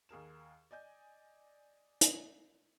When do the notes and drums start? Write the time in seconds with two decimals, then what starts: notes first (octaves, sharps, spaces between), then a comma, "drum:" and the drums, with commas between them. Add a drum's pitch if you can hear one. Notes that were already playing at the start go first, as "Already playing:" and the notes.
0.09 D#2 G#4 A#4 E7
0.71 D5 D#5 G#5 G6
2.01 drum: hi-hat